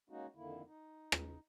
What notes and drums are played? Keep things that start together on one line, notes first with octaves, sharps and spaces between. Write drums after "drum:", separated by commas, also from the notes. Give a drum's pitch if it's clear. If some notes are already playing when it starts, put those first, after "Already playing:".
G#3 A#3 C#4 D#4 F#4
F2 D3 D#3 A#3 E4
D#4
drum: rim click